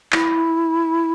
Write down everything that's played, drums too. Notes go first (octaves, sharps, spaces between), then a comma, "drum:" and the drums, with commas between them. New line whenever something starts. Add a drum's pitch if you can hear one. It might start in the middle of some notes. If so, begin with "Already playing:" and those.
E4, drum: clap